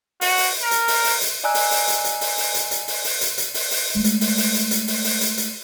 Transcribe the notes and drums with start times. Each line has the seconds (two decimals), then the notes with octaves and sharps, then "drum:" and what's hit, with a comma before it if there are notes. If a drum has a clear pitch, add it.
0.21 F#4, drum: open hi-hat
0.38 drum: open hi-hat
0.62 A#4
0.71 drum: hi-hat
0.88 drum: open hi-hat
1.04 drum: open hi-hat
1.21 drum: hi-hat
1.44 D5 D#5 G#5 A#5 E6 F#6
1.54 drum: open hi-hat
1.71 drum: open hi-hat
1.88 drum: hi-hat
2.04 drum: hi-hat
2.21 drum: open hi-hat
2.38 drum: open hi-hat
2.54 drum: hi-hat
2.71 drum: hi-hat
2.88 drum: open hi-hat
3.04 drum: open hi-hat
3.21 drum: hi-hat
3.38 drum: hi-hat
3.54 drum: open hi-hat
3.71 drum: open hi-hat
3.95 G#3 A3
4.04 drum: hi-hat
4.21 drum: open hi-hat
4.38 drum: open hi-hat
4.54 drum: hi-hat
4.71 drum: hi-hat
4.88 drum: open hi-hat
5.04 drum: open hi-hat
5.21 drum: hi-hat
5.38 drum: hi-hat